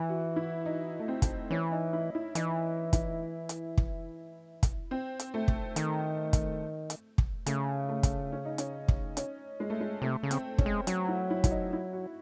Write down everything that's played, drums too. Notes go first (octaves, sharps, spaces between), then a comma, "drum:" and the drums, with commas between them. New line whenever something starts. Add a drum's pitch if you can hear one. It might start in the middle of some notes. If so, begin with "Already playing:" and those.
Already playing: E3
F#4
E4
D#4
A3
C4
drum: kick, hi-hat
E3 C#4
D#4
E4
E4
E3 D#4, drum: hi-hat
E4, drum: kick, hi-hat
drum: hi-hat
drum: kick
drum: kick, hi-hat
C4
drum: hi-hat
A3
drum: kick
D#3, drum: hi-hat
drum: kick, hi-hat
drum: hi-hat
drum: kick
C#3 A3, drum: hi-hat
A3
drum: kick, hi-hat
C#4
D#4
C#4, drum: hi-hat
drum: kick
C#4, drum: hi-hat
G#3
A3
G#3
C3 A3
C#3
C4, drum: hi-hat
C#4, drum: kick
G#3
F#3 C#4, drum: hi-hat
E4
E4
E4, drum: kick, hi-hat
D#4
E4
F#4